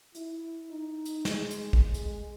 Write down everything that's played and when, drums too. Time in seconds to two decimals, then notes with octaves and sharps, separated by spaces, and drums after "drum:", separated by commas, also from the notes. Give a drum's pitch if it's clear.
0.15 E4, drum: hi-hat
0.69 D#4
1.05 drum: hi-hat
1.25 G#3, drum: snare
1.51 drum: hi-hat
1.73 drum: kick
1.94 G#3, drum: hi-hat